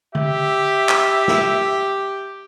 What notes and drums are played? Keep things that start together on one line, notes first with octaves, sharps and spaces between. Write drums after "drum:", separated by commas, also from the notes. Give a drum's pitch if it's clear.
G4 E5, drum: tom D3
drum: clap
drum: snare